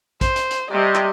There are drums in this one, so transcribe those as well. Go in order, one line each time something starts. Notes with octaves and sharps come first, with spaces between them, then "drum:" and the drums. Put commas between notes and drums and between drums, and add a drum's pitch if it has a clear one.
C5, drum: kick A#1, hi-hat
drum: hi-hat
drum: hi-hat
C3 G3 D#5
drum: clap